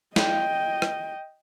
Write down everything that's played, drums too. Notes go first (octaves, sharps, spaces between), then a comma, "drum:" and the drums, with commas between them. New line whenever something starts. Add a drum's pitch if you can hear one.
D#5 G5, drum: snare
drum: rim click